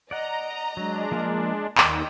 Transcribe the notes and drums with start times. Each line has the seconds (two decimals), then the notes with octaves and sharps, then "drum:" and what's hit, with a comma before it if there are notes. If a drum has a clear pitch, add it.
0.11 D5 D#5 F#5 A#5
0.77 F#3 G#3 D4
1.11 F3 A#3 F5
1.78 D#2 D#3 A#4 D5 D#5 F#5 G5, drum: clap